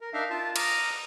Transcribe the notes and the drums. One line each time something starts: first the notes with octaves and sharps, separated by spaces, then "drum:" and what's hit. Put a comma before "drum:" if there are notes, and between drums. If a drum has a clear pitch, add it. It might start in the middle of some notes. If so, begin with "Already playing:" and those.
A#4
D4 D#4 A#4 E5 F5
F4 A5
A#5 D6 D#6 F6, drum: cymbal